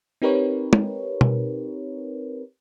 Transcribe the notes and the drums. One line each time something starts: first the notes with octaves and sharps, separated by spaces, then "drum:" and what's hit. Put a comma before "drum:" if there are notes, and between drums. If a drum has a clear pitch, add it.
C4 D#4 G4 A#4 B4 C#5
drum: tom
drum: tom B2